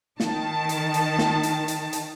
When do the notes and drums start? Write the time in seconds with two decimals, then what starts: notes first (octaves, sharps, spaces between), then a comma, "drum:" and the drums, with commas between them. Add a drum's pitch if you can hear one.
0.20 D#3 A5, drum: snare
0.69 drum: hi-hat
0.94 drum: hi-hat
1.19 drum: snare
1.43 drum: hi-hat
1.68 drum: hi-hat
1.93 drum: hi-hat